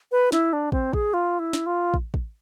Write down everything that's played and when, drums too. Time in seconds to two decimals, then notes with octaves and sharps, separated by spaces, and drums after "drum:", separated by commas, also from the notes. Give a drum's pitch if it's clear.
0.12 B4
0.32 E4, drum: snare
0.53 D4
0.72 C4, drum: kick
0.93 G#4, drum: kick
1.14 F4
1.39 E4
1.53 drum: snare
1.66 F4
1.94 drum: kick
2.14 drum: kick